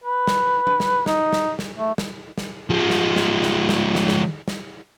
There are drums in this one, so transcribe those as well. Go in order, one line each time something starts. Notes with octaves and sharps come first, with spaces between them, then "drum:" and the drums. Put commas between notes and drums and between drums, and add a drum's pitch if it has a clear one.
B4
drum: snare
drum: tom
drum: snare
D#4, drum: snare
drum: snare
drum: snare
A3
drum: snare
drum: snare
F3 G#3
drum: snare
drum: snare
drum: snare
drum: snare
drum: snare
drum: snare
drum: snare